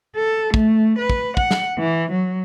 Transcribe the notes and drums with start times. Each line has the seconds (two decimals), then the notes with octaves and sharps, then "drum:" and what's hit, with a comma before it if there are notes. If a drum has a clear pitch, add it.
0.16 A4
0.54 A3, drum: kick
0.98 B4
1.10 drum: kick
1.37 F#5, drum: kick
1.51 drum: snare
1.79 E3
2.12 F#3